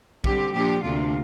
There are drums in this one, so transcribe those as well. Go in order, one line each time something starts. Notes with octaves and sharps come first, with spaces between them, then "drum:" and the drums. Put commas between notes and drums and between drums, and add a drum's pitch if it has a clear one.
D3 G3 C4 G4, drum: kick
A#2 F3 D4 G4
D2 C3 A#3 D4 F4